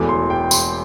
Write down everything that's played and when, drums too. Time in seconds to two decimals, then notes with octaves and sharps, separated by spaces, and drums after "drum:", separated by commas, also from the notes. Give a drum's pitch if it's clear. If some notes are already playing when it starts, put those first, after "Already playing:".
Already playing: E1 E2 E3 A3 D6
0.09 C6
0.30 G5
0.51 C6, drum: tambourine